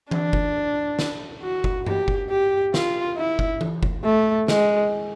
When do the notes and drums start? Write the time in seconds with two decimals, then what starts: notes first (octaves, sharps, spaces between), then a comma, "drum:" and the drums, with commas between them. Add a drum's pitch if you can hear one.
0.11 D4, drum: tom E3
0.33 drum: kick F#1
0.99 drum: snare
1.43 F#4
1.64 drum: kick F#1
1.86 G4, drum: tom G2
2.08 drum: kick F#1
2.30 G4
2.74 F4, drum: snare
3.17 E4
3.39 drum: kick F#1
3.61 drum: tom E3
3.83 drum: kick F#1
4.04 A3
4.48 G#3, drum: snare